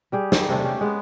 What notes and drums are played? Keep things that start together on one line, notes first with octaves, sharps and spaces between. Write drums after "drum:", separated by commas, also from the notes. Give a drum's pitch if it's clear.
G3 G4 G#4
D#3, drum: snare
C3 A3 D4
C#4 G4
G#3 B3